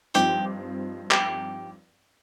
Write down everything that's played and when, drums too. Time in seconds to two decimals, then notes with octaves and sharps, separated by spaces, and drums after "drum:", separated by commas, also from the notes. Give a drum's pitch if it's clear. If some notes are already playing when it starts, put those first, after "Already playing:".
0.14 G2 F3 C4 D#4 G4, drum: hi-hat
1.11 G4, drum: clap